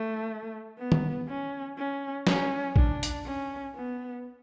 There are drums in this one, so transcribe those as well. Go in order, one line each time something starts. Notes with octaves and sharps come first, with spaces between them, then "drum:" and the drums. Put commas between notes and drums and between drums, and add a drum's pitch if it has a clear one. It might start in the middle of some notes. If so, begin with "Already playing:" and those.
Already playing: A3
B3
drum: tom D#3
C#4
C#4
C#4, drum: snare
D4, drum: kick A#1
drum: hi-hat
C#4
B3